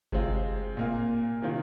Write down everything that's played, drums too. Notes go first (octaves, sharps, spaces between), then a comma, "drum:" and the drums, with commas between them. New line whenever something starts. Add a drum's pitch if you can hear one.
C3 G#3 C4 F4, drum: kick F#1
A#2 A#3 F4
C3 D#3 C4 F4